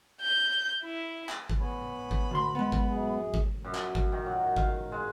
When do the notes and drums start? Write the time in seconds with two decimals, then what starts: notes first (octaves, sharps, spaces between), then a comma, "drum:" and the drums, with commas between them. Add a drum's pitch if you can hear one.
0.21 G6
0.83 E4
1.29 drum: clap
1.50 drum: kick G#1
1.60 B3 C#5 G#5 B5
2.11 drum: kick G#1
2.31 D2 F#4 A#4 C6
2.55 D#3 G#3 B3
2.72 drum: kick G#1
2.88 F#2 G#4
3.34 drum: kick G#1
3.65 F#2
3.75 drum: clap
3.95 drum: kick G#1
4.12 D#3
4.26 F#3
4.56 F5, drum: kick G#1
4.92 G#3